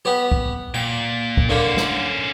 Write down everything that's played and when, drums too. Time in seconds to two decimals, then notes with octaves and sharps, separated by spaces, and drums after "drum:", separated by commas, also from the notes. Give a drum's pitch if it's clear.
0.05 B3 G4
0.32 drum: kick
0.74 A#2 G5
1.37 drum: kick
1.49 D3 A#3 C#4 C5
1.77 drum: snare